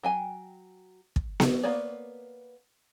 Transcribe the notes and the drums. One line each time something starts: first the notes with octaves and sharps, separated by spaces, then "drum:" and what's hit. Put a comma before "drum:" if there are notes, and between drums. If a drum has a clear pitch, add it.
F#3 G5 G#5
drum: kick
drum: snare B3
A#3 B3 C#5 D5